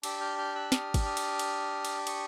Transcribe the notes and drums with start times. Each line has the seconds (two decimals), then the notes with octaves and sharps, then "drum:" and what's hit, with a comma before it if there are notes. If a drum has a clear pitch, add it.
0.03 D4 G4 D6 E6, drum: cymbal
0.21 F6 G6
0.38 F6 G6
0.55 E6 F#6
0.72 D#6 F6, drum: snare
0.94 drum: kick, cymbal
1.05 D#6 F6
1.17 drum: cymbal
1.39 drum: cymbal
1.85 drum: cymbal
2.07 C#6 D#6, drum: cymbal